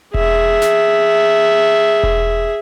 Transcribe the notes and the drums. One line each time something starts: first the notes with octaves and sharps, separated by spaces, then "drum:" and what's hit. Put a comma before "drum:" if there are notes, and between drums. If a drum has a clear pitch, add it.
G#4 E5, drum: kick E1
drum: snare
drum: kick E1